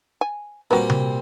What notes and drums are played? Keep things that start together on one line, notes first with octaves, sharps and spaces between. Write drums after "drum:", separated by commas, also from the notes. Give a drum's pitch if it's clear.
G#5
A#2 G3 C4 F#4 A#4 B4
drum: tom C3